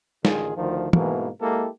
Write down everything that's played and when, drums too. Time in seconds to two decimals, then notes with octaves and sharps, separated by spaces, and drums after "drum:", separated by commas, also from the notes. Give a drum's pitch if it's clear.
0.25 A1 D3 D#3 F4 G#4, drum: snare
0.57 D2 D#3 F3
0.93 G#2 B2 E3 A3 A#3, drum: tom
1.41 G#3 A#3 E4 G4 A4